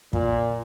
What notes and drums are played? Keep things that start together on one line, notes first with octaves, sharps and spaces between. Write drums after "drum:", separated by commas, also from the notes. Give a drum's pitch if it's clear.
A#2, drum: kick